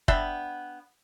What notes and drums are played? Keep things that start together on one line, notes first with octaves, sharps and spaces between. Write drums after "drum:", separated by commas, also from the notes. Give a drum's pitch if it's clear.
B3 D4 E5 G5, drum: kick